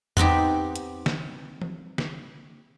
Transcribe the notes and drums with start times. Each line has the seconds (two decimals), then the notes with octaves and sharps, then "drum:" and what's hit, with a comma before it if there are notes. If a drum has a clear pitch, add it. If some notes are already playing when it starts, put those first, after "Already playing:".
0.17 B3 C4 D#4 G4, drum: tom E2
0.76 drum: hi-hat
1.06 drum: snare
1.62 drum: tom E3
1.98 drum: snare